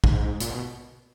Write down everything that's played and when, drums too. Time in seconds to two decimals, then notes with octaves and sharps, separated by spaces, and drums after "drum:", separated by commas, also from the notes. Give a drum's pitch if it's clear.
0.04 G#2, drum: kick
0.40 A#2, drum: hi-hat
0.50 B2